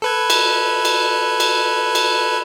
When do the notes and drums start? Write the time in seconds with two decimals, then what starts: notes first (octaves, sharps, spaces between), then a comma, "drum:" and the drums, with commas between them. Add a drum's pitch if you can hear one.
0.02 A4 B4 G#6
0.30 drum: cymbal
0.85 drum: cymbal
1.40 drum: cymbal
1.95 drum: cymbal